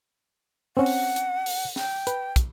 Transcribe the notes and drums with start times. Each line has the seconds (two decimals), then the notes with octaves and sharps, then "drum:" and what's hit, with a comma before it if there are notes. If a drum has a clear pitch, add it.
0.77 C4 C#4 F#5
0.86 drum: open hi-hat
1.16 drum: hi-hat
1.46 drum: open hi-hat
1.76 G5, drum: snare
2.07 B4, drum: hi-hat
2.36 drum: kick, hi-hat